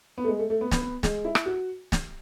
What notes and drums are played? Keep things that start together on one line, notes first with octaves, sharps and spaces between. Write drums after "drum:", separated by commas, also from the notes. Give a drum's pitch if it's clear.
B3
A3
G#3
A3
A3
B3
B3, drum: snare
B3
G#3, drum: snare
E4
drum: rim click
F#4
drum: snare